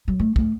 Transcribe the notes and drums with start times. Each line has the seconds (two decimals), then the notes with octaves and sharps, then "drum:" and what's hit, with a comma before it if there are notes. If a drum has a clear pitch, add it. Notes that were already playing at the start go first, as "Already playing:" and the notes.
0.08 F#3
0.19 A3
0.36 A3, drum: kick